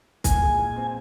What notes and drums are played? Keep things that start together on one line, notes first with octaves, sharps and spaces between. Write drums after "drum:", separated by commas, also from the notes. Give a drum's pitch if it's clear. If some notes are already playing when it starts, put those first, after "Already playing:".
A#2 G#5, drum: kick, hi-hat
G#3
A#2
C4